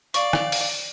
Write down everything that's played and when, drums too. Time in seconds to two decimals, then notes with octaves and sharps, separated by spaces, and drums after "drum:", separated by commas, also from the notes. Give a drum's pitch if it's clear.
0.14 D5 F5 C#6, drum: hi-hat
0.33 drum: rim click
0.52 drum: open hi-hat